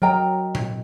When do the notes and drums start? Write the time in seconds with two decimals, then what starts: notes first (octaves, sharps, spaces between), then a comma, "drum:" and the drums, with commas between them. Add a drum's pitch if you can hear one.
0.02 F#3 A#4 D#5 G5 A#5
0.55 drum: tom A#2